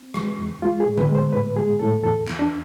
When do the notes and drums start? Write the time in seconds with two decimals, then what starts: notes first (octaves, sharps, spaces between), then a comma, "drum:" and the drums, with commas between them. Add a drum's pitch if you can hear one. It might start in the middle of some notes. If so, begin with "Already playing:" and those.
Already playing: C4
0.14 G#3, drum: rim click
0.39 E2
0.62 G#3 F4
0.80 G#4
0.85 A2
0.98 B4, drum: tom D3
1.09 G#3
1.15 C5
1.33 A2 B4
1.56 G#3 G#4
1.79 A2 A4
2.03 E2 A4
2.27 E2, drum: clap
2.39 D4